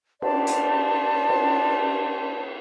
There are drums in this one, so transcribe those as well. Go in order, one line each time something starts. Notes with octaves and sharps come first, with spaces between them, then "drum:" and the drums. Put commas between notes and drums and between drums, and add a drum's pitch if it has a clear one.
D5 A5 C6, drum: cymbal
drum: hi-hat
drum: cymbal